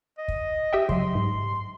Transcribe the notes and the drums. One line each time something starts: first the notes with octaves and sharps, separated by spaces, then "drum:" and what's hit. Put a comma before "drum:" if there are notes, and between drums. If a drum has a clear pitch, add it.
D#5
drum: kick
G4 E5 G5
C#3 F#3 C6, drum: kick
G#2